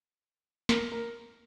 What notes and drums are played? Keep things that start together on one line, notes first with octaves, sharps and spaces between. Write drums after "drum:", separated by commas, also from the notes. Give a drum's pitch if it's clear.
A#4, drum: snare
A#4